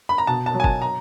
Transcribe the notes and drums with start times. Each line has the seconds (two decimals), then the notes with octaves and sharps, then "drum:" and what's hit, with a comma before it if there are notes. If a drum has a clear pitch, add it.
0.09 B5
0.18 A#5
0.27 B2 A5
0.46 A5
0.54 F#3
0.60 G#5
0.64 A5, drum: kick
0.82 A#5